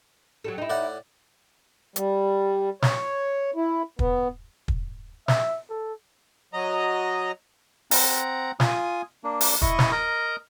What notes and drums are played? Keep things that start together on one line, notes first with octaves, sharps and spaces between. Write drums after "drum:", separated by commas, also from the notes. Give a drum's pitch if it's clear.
F#3 G3 A4
D#4 E4
A2 D5 F#5
G3, drum: hi-hat
C#5, drum: snare
E4
B3, drum: kick
drum: kick
E5, drum: snare
A4
F#3 D#5 A#5
C4 F#5 A#5, drum: open hi-hat
F4 G#5 D#6, drum: snare
A#3 D4
drum: open hi-hat
E4 D#5 C#6 D#6, drum: kick
drum: snare
A#4 D#5 A#5